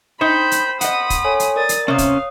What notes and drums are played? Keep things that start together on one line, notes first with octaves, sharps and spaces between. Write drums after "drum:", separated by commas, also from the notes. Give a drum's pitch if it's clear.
D#4 C5 G5 B5 G6
drum: hi-hat
D#5 F#5 B5 D#6, drum: hi-hat
drum: kick, hi-hat
A4 C#5 G#5
drum: hi-hat
A#4 D5 D#6 A6
drum: hi-hat
C3 A#3 C#4 C5 C#5 F5 D#6
drum: kick, hi-hat